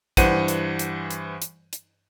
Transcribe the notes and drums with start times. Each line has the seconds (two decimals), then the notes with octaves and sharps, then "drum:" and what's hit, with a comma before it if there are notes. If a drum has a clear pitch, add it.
0.17 G2 E3 C5 F#5 D#7, drum: kick, hi-hat
0.48 drum: hi-hat
0.79 drum: hi-hat
1.11 drum: hi-hat
1.42 drum: hi-hat
1.73 drum: hi-hat